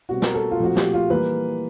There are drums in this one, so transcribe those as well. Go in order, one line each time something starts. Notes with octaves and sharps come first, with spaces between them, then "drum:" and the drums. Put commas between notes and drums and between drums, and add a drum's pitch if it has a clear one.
B2 G3 C4 F#4
A#4, drum: snare
A4
F4
A#2 F3 A3 C4 F#4
G4, drum: snare
F4
E3 G3 A#3 B4